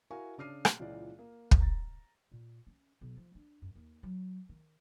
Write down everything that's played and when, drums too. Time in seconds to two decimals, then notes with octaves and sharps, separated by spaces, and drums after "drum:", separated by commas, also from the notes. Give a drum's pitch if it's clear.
0.10 E4 F#4 A#4 F5 G#5 C#6
0.38 C#3 D4 D6 F6 C7 D#7
0.65 drum: rim click
0.79 C#2 A#2 E3 D5
1.19 A#3
1.51 drum: kick
1.61 A#5 A6
2.32 A#2
2.67 C#4
3.01 B1
3.17 F3
3.35 D4
3.62 F#2
3.75 D#2
4.03 F#3
4.49 D#3